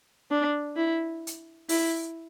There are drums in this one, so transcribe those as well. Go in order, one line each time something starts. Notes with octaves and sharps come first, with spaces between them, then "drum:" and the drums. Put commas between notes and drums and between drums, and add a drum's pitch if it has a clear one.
D4
E4
drum: hi-hat
E4, drum: open hi-hat